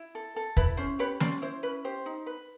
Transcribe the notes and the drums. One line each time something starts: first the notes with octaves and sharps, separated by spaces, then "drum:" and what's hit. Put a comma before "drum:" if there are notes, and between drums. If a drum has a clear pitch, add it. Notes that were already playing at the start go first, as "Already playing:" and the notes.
Already playing: E4
A4
A4
E4 B4, drum: kick
C#4 C5
G4 B4 C#5
C#4 C5 D5, drum: snare
E4 C5
C#4 B4
G4 C5
D#4
B4